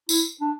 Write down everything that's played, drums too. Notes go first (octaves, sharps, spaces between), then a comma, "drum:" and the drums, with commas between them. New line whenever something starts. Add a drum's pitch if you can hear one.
E4, drum: tambourine
D4